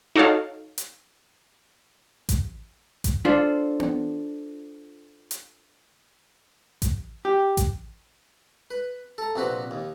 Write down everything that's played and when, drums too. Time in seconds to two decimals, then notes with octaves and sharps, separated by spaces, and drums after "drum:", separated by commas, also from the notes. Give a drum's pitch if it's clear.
0.15 D#4 F#4 A4 C#5 F5
0.78 drum: hi-hat
2.29 drum: kick A1, hi-hat
3.04 drum: kick A1, hi-hat
3.25 D4 F4 A4 C5
3.80 drum: tom B3
5.31 drum: hi-hat
6.82 drum: kick A1, hi-hat
7.25 G4
7.57 drum: kick A1, hi-hat
8.71 B4
9.18 A4 A#5
9.36 A#1 C3 C4 F#4 B4
9.71 D#2